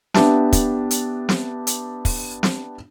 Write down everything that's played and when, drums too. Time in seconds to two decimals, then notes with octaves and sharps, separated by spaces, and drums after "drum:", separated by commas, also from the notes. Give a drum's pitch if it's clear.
0.14 B3 D4 G4 E5 A5, drum: snare
0.52 drum: kick, hi-hat
0.91 drum: hi-hat
1.29 drum: snare
1.67 drum: hi-hat
2.05 drum: kick, open hi-hat
2.43 drum: snare